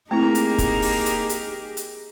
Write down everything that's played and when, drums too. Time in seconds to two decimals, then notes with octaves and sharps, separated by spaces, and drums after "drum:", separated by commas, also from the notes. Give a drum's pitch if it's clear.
0.11 A3 A#3 C4 D#4 E4 G4 G#4 A#5
0.35 drum: hi-hat
0.58 drum: kick, hi-hat
0.82 drum: open hi-hat
1.06 drum: hi-hat
1.29 drum: hi-hat
1.77 drum: hi-hat